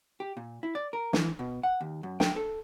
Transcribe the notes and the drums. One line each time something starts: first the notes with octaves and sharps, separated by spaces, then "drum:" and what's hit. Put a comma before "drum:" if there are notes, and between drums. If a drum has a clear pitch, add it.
G4
A#2
E4
D5
A#4
E3, drum: snare
B2
F#5
D#2
F#2
G5, drum: snare
A4